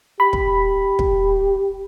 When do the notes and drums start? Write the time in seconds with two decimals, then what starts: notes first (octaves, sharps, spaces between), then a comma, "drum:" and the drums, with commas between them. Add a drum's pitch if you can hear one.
0.20 G4 B5
0.33 drum: kick
0.99 drum: kick